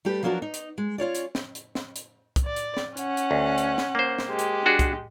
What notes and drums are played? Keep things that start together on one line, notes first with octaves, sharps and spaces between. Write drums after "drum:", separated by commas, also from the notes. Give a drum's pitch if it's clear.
G3 A3 G4 B4
F3 F#3 A#3 D4 F#4 A#4
D#4
drum: hi-hat
G#3
C#4 F4 C#5 D5
drum: hi-hat
drum: snare
drum: hi-hat
drum: snare
drum: hi-hat
drum: kick C2, hi-hat
D5
drum: hi-hat
drum: snare
C#4 F#5, drum: hi-hat
drum: hi-hat
D2
drum: hi-hat
drum: snare
A#3 C5
drum: snare
G#3 G4
drum: hi-hat
D4 F#4 G#4
drum: kick C2, hi-hat